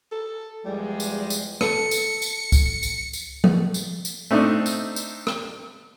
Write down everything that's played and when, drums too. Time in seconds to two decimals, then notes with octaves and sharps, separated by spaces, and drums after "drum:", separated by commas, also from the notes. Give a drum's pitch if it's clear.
0.12 A4
0.65 E2 F3 G3 G#3
1.00 drum: tambourine
1.30 drum: tambourine
1.61 A4 C#7, drum: rim click
1.91 drum: tambourine
2.22 drum: tambourine
2.52 drum: kick C#2, tambourine
2.83 drum: tambourine
3.13 drum: tambourine
3.44 drum: tom F3
3.74 drum: tambourine
4.05 drum: tambourine
4.31 A3 C4 D4 D#4
4.66 drum: tambourine
4.96 drum: tambourine
5.27 drum: rim click